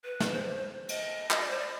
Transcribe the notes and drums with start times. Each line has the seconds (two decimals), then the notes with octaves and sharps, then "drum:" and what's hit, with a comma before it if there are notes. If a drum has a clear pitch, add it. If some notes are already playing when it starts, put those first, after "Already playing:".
0.05 B4
0.20 drum: snare
0.32 C5
0.89 D#5, drum: cymbal
1.31 D#5, drum: clap
1.40 D5
1.50 C5
1.59 D5